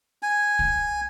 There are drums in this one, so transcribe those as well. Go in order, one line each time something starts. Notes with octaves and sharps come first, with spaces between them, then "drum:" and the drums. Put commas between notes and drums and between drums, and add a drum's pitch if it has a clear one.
G#5
drum: kick